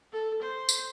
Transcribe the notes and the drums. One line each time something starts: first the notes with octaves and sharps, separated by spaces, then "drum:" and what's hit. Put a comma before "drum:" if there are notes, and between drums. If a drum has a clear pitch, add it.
A4
C5
drum: tambourine